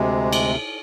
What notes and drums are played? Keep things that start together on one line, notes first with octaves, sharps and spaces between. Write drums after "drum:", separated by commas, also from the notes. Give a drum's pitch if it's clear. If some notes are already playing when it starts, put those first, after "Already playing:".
Already playing: D2 C3 G#3
drum: cymbal